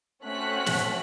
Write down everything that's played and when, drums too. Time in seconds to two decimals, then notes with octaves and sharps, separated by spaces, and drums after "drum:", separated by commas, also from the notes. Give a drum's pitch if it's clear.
0.24 A3 C4 C#4 F#4 F#6 B6
0.66 drum: snare